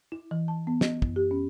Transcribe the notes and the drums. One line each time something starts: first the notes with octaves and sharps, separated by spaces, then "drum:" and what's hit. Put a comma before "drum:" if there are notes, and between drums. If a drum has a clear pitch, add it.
E4
E3
A5
B3
D#5, drum: snare
F#2, drum: kick
G4
C#4